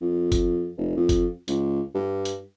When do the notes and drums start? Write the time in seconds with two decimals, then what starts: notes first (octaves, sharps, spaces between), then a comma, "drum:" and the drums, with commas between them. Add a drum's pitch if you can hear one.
0.02 F2
0.32 drum: kick G1, hi-hat
0.78 F1
0.96 F2
1.09 drum: kick G1, hi-hat
1.48 C#2, drum: hi-hat
1.95 G2
2.25 drum: hi-hat